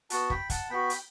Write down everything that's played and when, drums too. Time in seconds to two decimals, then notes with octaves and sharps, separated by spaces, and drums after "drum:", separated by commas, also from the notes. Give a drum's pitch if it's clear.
0.10 B3 F#4 F#5 A5, drum: hi-hat
0.30 G5 B5, drum: kick
0.50 F#5 A5, drum: kick, hi-hat
0.70 B3 F#4 G5 B5
0.90 drum: hi-hat